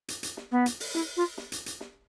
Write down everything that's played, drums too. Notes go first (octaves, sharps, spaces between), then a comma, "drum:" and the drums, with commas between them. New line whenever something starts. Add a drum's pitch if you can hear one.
drum: hi-hat
drum: hi-hat
drum: snare
B3
drum: hi-hat
drum: open hi-hat
E4, drum: snare
F4
drum: snare
drum: hi-hat
drum: hi-hat
drum: snare